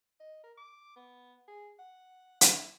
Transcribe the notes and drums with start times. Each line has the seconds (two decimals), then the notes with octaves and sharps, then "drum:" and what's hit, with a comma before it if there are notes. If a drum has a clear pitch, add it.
0.20 D#5
0.44 A#4
0.58 D6
0.96 B3
1.48 G#4
1.79 F#5
2.41 E4, drum: hi-hat